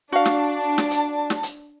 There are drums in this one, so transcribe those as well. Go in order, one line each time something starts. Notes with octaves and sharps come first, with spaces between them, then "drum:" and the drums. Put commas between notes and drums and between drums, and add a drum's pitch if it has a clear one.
D4 F#4 F5 A5
drum: snare
drum: snare
drum: hi-hat
drum: snare
drum: hi-hat